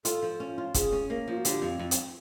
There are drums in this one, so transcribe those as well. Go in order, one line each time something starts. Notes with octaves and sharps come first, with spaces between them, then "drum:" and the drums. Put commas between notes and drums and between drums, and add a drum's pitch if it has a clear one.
F4 A4, drum: hi-hat
F3
C#4
F4
C#4 G#4, drum: kick, hi-hat
C#4
A#3
F3 F4
F#4
D3 G4, drum: hi-hat
F2
F2
drum: hi-hat